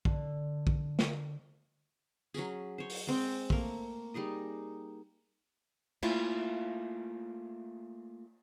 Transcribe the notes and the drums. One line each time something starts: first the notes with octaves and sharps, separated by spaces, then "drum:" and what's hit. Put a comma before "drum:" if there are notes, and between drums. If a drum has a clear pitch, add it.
D3, drum: kick
drum: kick
drum: snare
F#3 C#4 G#4, drum: tambourine
C5 C#5
drum: open hi-hat
G#3 C4 G5
A3 A#3, drum: kick
G3 D#4 G#4 D#5
A3 A#3 E4 F4 F5, drum: cymbal